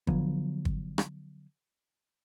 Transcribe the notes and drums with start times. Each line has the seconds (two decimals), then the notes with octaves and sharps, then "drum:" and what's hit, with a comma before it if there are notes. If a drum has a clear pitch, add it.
0.07 D3 F3 F#3 B3, drum: kick
0.65 drum: kick
0.98 drum: rim click